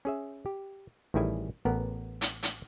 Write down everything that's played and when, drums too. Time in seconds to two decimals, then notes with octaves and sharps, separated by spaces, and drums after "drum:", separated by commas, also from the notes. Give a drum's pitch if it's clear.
0.05 C#4 G#4 E5
0.46 G4
1.14 A1 D#3 G3 E4 G#4 G#5
1.65 A1 B3 A#4 F#5
2.21 drum: hi-hat
2.43 drum: hi-hat